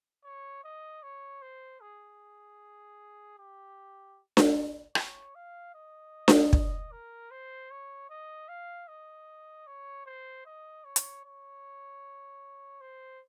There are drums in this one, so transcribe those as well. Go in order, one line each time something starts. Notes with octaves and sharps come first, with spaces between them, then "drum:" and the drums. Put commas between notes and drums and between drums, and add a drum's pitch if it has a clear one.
C#5
D#5
C#5
C5
G#4
G4
drum: snare D4
C#5, drum: rim click
F5
D#5
drum: snare D4
D#5, drum: kick
A#4
C5
C#5
D#5
F5
D#5
C#5
C5
D#5
C#5
drum: hi-hat
C#5
C5